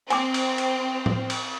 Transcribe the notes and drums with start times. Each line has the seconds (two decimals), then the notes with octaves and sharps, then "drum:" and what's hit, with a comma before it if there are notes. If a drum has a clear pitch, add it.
0.10 C4 G#5 D6, drum: cymbal
0.34 drum: cymbal
0.58 drum: cymbal
1.06 drum: tom A2
1.30 drum: cymbal